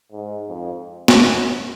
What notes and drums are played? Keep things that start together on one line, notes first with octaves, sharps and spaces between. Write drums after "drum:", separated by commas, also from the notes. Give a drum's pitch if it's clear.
G#2
F2
drum: snare
F#2